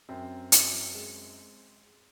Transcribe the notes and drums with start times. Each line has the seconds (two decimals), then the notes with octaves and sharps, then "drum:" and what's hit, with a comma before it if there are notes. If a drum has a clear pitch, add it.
0.09 F#2 C4
0.52 F#2, drum: hi-hat
0.94 G#3